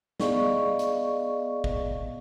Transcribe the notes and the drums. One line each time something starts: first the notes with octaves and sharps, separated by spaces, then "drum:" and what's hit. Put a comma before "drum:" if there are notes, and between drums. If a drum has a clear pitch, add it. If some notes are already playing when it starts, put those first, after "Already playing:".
B3 G#4 D5 D#5 F5 C#6, drum: snare
drum: hi-hat
drum: kick